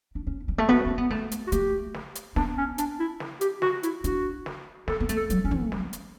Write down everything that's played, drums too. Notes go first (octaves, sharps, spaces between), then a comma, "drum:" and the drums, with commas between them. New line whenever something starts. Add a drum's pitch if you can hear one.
D4
C#4
G3
A3
B3 F#4, drum: snare
C#4
B3
A3, drum: snare
drum: hi-hat
F#4
A3 G4, drum: hi-hat
drum: snare
drum: hi-hat
B3 D4, drum: snare
C#4
D4, drum: hi-hat
E4
drum: snare
G4, drum: hi-hat
F#4, drum: snare
E4, drum: hi-hat
D4 F#4, drum: hi-hat
drum: snare
B3 A4, drum: snare
B3
A3, drum: hi-hat
A4
F#3, drum: hi-hat
F#3 C#4
E3, drum: tom
drum: snare
drum: hi-hat